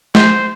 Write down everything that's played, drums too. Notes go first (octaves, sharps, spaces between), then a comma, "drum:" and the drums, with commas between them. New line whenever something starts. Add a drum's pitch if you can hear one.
C5, drum: snare